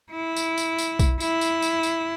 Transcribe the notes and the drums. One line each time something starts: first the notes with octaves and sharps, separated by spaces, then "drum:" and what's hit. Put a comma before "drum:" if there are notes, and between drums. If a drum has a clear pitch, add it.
E4
drum: tambourine
drum: tambourine
drum: tambourine
drum: kick B1, tambourine
E4, drum: tambourine
drum: tambourine
drum: tambourine
drum: tambourine